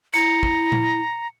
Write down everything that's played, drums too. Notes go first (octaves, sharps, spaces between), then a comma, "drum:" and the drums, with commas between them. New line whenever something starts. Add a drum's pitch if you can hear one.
E4 A#5 C#7, drum: hi-hat
drum: kick
drum: tom A#2